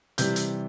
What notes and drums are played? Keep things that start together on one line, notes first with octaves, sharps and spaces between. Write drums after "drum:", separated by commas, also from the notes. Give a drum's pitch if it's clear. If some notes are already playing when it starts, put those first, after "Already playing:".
C3 E3 G3 G6, drum: hi-hat
drum: hi-hat